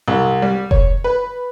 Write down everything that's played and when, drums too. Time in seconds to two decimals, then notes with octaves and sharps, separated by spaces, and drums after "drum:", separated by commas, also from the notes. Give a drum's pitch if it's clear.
0.08 C2
0.42 G3
0.71 C#5, drum: kick F1
1.04 B4